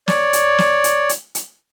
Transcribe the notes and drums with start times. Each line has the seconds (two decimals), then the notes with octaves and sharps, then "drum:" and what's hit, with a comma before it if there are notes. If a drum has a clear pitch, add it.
0.08 C#5 D5, drum: snare
0.33 drum: hi-hat
0.58 drum: snare
0.84 drum: hi-hat
1.09 drum: hi-hat
1.35 drum: hi-hat